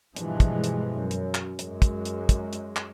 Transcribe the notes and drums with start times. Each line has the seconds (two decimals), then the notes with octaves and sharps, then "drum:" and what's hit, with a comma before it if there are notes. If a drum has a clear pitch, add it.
0.16 G2 B2 E3 F3 G#3, drum: hi-hat
0.40 drum: kick, hi-hat
0.64 drum: hi-hat
0.96 F#2
1.11 drum: hi-hat
1.35 drum: clap
1.59 F#2 G#3, drum: hi-hat
1.82 drum: kick, hi-hat
2.05 drum: hi-hat
2.29 drum: kick, hi-hat
2.53 drum: hi-hat
2.76 drum: clap